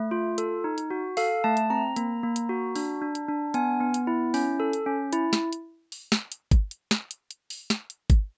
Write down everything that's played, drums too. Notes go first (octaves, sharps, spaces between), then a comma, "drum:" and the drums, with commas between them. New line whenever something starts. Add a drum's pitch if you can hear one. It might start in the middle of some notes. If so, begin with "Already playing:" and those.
Already playing: A3
F4
A4, drum: hi-hat
D#4
drum: hi-hat
F#4
A4 F5, drum: open hi-hat
A3 A5
drum: hi-hat
C4 A#5
A#3, drum: hi-hat
A#3
drum: hi-hat
F#4
D4, drum: open hi-hat
D4
drum: hi-hat
D4
B3 G#5, drum: hi-hat
B3
drum: hi-hat
E4
C#4, drum: open hi-hat
A4
drum: hi-hat
C#4
E4, drum: hi-hat
drum: snare
drum: hi-hat
drum: open hi-hat
drum: snare
drum: hi-hat
drum: kick G1, hi-hat
drum: hi-hat
drum: snare
drum: hi-hat
drum: hi-hat
drum: open hi-hat
drum: snare
drum: hi-hat
drum: kick G1, hi-hat